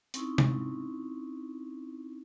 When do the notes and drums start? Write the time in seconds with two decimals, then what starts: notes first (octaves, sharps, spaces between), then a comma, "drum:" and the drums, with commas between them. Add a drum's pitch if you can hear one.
0.14 C4 C#4 D#4 E4, drum: hi-hat
0.38 drum: tom C3